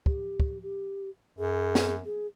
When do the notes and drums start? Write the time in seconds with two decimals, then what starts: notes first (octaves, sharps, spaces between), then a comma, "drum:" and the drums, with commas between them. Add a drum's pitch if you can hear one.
0.06 G4, drum: kick
0.40 drum: kick
0.63 G4
1.38 F#2 G#4
1.75 drum: snare
2.05 G#4